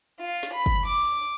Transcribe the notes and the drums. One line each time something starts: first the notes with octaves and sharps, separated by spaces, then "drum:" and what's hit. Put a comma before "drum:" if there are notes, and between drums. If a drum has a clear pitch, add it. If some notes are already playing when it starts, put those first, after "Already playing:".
F4
drum: snare
B5
drum: kick G1
D6